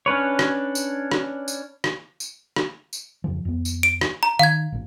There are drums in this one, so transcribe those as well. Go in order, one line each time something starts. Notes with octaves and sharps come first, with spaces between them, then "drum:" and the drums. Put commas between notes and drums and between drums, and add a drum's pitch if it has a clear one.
C#4 D4 B4 C#5
drum: rim click
drum: tambourine
drum: rim click
drum: tambourine
drum: rim click
drum: tambourine
drum: rim click
drum: tambourine
F2 C#3 F3
F2 B3
drum: tambourine
D7
drum: rim click
A#5
D#3 F5 G#6
A1 A#2